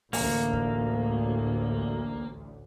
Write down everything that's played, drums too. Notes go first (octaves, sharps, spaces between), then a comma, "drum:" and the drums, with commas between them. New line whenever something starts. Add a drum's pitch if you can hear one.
A1 D2 A#3, drum: open hi-hat
drum: kick